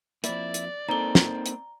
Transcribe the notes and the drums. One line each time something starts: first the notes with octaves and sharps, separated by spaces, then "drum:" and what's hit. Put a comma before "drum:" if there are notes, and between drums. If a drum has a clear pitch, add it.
F2 A#3 E4 D5, drum: hi-hat
drum: hi-hat
A#3 C4 D#4 A4 A#5 G7
drum: snare
drum: hi-hat